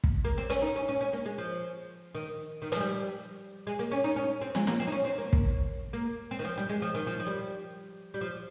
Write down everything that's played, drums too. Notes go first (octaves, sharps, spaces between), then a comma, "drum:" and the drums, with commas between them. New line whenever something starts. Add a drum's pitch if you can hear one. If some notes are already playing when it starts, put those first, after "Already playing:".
drum: kick
A#3
C4
C#4, drum: hi-hat
D#4
C#4
C#4
C#4
A#3
G#3
F3
D#3
D#3
F3, drum: hi-hat
G#3
G3
G#3
A#3
C#4
D#4
C#4
C4
G#3, drum: snare
A#3, drum: snare
C4
D#4
C#4
C4
A#3
drum: kick
A#3
C4
D#3
F3
G3
G#3
F3
D#3
F3
F3
G3
G3
F3